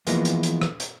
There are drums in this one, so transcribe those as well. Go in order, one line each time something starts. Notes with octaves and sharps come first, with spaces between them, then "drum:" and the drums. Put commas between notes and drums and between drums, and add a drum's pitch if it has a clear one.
E3 F3 G#3 A#3 B3, drum: hi-hat
drum: hi-hat
drum: hi-hat
drum: rim click
drum: hi-hat